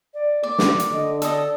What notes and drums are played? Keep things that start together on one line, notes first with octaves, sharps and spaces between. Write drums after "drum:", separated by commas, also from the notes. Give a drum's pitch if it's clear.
D5
A#3 D5
drum: snare
drum: hi-hat
D3 D#5
A4 D5 D#5, drum: hi-hat